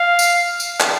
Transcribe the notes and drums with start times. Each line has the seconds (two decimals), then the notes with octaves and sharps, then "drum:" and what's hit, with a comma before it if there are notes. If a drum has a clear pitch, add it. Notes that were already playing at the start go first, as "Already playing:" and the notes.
Already playing: F5
0.19 drum: tambourine
0.60 drum: tambourine
0.80 drum: clap